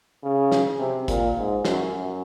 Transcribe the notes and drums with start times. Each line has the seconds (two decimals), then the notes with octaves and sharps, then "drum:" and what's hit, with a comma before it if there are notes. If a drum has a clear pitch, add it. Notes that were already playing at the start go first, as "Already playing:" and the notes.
0.24 C#3
0.52 drum: snare
0.80 C3
1.08 A#2, drum: kick, hi-hat
1.37 G#2
1.65 F#2, drum: snare
1.94 F#2